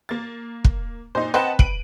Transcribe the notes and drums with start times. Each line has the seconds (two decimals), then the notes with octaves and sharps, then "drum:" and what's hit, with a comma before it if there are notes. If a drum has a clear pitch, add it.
0.09 A#3 A6
0.64 drum: kick
1.15 A#2 D#4 C5
1.34 C4 B4 D#5 F#5 A5
1.59 D7 D#7 F#7, drum: kick